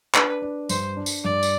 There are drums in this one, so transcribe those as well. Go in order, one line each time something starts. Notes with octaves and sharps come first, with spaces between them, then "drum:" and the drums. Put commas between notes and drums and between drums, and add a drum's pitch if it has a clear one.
D4 B4, drum: clap
D4
G2 C5, drum: tambourine
D4
drum: tambourine
G2 D5
drum: tambourine